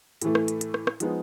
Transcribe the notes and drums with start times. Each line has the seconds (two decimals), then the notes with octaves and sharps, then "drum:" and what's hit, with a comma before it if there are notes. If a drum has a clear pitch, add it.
0.22 A2 E3 A3, drum: hi-hat
0.35 drum: rim click
0.48 drum: hi-hat
0.61 drum: hi-hat
0.74 drum: rim click
0.87 drum: rim click
1.00 F3 G#3 B3 D#4, drum: hi-hat